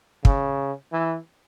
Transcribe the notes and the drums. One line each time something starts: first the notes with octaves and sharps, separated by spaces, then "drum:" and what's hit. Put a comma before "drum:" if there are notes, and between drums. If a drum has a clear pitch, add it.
C#3, drum: kick
E3